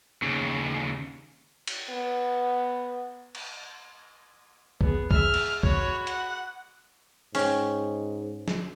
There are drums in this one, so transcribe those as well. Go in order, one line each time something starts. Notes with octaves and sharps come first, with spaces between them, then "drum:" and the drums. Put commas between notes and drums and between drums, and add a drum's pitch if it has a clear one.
D#2 C#3
drum: cymbal
B3
drum: cymbal
B3 G#4, drum: kick
G#4 E5 F6, drum: kick
drum: cymbal
F#4 C#5 B5, drum: kick
F#5, drum: hi-hat
G#2 C#4 G5, drum: open hi-hat
drum: snare